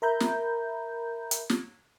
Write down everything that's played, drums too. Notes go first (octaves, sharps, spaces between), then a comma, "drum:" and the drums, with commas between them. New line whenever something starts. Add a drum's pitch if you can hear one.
A#4 E5 A#5 B5 G6
drum: snare
drum: hi-hat
drum: snare